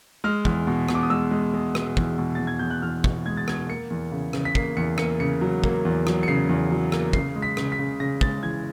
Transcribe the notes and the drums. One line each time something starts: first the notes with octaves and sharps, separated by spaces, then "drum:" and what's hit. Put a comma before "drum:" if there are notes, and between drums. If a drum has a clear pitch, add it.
G#3 F6
E2, drum: kick
B2
B2, drum: rim click
D6
D#6
G#3 E6
G#3
G#3
B2, drum: rim click
E2, drum: kick
B2
E2 A6
G#6
E2 G6
F#6
E2 F6
B2, drum: kick
G#3 G#6
A6
B2 G#6, drum: rim click
A#3 C#7
E2
C#3
C#3, drum: rim click
B6
A#3 C7, drum: kick
E2 C#7
A#3 C#7, drum: rim click
C#3 C#7
F#3
A#3, drum: kick
E2
F#3, drum: rim click
C#7
C#3 C7
E2
F#3
A#3, drum: rim click
C#3 C7, drum: kick
G#3
B6
C#3, drum: rim click
B6
C#3
C#3 A#6
G#3 A6, drum: kick
E3 G#6